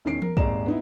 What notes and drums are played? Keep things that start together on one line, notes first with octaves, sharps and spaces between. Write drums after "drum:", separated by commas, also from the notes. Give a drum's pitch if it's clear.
E1 D#3 C#4 C7 D7
A#4, drum: tom E3
D#1 G#1 G#4 D5 A#5 E7, drum: kick
B3 D#4 E4